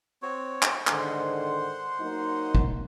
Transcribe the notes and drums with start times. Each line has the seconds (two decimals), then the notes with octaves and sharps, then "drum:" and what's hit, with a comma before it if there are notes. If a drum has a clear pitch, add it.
0.22 C4 F#4 C#5
0.62 drum: clap
0.87 G#2 D3 D#3 C5 F#5 C6, drum: clap
2.00 F#3 A#3 D#4
2.55 drum: kick